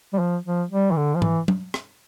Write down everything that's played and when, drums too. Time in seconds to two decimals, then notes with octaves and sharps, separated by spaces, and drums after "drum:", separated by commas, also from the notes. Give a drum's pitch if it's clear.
0.13 G3
0.19 F3
0.45 F3
0.70 G3
0.91 E3
0.97 D3
1.15 F3
1.22 E3, drum: tom G#2
1.48 drum: tom
1.74 drum: rim click